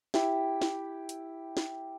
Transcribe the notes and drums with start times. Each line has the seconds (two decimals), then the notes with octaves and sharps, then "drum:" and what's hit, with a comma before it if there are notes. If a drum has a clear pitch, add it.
0.14 E4 G4 E5, drum: snare
0.61 drum: snare
1.09 drum: hi-hat
1.57 drum: snare